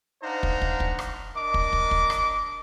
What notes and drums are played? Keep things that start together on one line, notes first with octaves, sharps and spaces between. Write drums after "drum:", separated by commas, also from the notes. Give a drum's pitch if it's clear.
D4 D#4 C5 F5 F#5 A#5
drum: kick
drum: kick
drum: kick
drum: rim click
D4 A#4 D#5 D6
drum: kick
drum: kick
drum: kick
drum: rim click